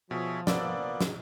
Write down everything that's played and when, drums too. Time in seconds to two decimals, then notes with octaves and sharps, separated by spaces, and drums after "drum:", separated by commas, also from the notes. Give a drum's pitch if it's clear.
0.11 B2 F3 G#4 C#5 E5
0.47 A#3 B3 D5 E6, drum: snare
1.01 drum: snare